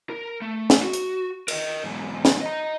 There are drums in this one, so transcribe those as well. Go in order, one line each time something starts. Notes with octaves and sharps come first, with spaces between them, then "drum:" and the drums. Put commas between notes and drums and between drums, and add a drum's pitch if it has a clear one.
A#4
A3
drum: snare
F#4
drum: hi-hat
A#4 D#5, drum: cymbal
E2 G#2
drum: snare
D#5 A#5